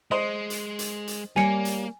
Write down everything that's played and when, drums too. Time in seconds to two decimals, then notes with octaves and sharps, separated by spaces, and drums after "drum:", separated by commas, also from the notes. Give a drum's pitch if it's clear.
0.11 G#3 C5 D#5
0.50 drum: hi-hat
0.79 drum: hi-hat
1.07 drum: hi-hat
1.36 G3 A#3 C#5 D5 G#5 C#7, drum: snare
1.65 drum: hi-hat